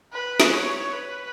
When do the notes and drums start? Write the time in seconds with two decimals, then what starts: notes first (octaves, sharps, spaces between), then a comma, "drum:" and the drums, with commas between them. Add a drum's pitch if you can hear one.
0.13 B4
0.40 drum: snare
0.53 C#5
0.93 B4